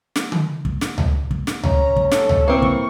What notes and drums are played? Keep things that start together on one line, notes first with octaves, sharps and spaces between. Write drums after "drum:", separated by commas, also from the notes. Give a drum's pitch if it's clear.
drum: snare
drum: tom D3
drum: kick
drum: snare
drum: tom C#2
drum: kick
drum: snare
C#4 A#5, drum: tom C#2
drum: kick
A4, drum: snare
drum: tom C#2
E3 A#3 C4 C#6
drum: kick